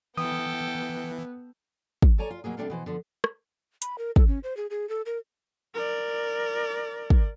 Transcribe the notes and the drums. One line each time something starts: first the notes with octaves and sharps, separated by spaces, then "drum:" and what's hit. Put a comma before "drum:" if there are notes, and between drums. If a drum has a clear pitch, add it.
E3 B3 A4 G5 D#6
drum: kick
A4 C#5 D5 G#5 A#5
F4
B2 F3 F#3 A#3 G#4
C3 G3 C#4 D4 A4 F5
B2 E3 C5
D3 F3
drum: rim click
B5, drum: hi-hat
A#4
A4, drum: kick
C#4
C5
G#4
G#4
A4
A#4
A#4 D5
drum: kick